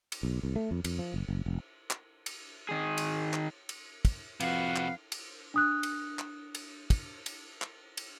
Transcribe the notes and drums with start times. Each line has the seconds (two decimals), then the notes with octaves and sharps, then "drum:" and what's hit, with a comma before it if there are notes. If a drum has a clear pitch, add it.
0.12 drum: cymbal
0.23 B1
0.43 C2
0.56 A3
0.71 F2
0.84 F2, drum: cymbal
0.99 F3
1.14 F#1
1.28 F#1
1.46 F1
1.90 drum: clap
2.26 drum: cymbal
2.69 D#3 G#4
2.98 drum: cymbal
3.33 drum: clap
3.69 drum: cymbal
4.05 drum: kick, cymbal
4.40 F2 C3 F#4 B4 F5 F#5, drum: cymbal
4.76 drum: clap
5.12 drum: cymbal
5.54 D4 D#6 F#6
5.83 drum: cymbal
6.19 drum: clap
6.55 drum: cymbal
6.90 drum: kick, cymbal
7.26 drum: cymbal
7.62 drum: clap
7.97 drum: cymbal